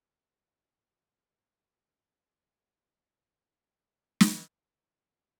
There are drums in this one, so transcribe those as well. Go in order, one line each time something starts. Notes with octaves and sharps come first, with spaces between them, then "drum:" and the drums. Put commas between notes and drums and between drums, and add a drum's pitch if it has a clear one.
D#4 G4 A#5 C6
B2 D3
drum: snare